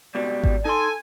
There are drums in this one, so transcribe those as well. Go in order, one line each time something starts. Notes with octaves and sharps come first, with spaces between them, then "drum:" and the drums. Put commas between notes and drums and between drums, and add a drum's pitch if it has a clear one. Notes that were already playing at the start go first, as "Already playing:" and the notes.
C#2 B2 G3 D5
drum: kick G#1
D#4 A4 G#5 C6